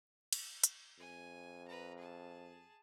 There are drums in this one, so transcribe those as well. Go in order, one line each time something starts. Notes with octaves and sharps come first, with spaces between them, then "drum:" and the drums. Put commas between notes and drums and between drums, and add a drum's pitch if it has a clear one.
drum: cymbal
drum: hi-hat
F2 G#5
B4 A#5
G#4 A5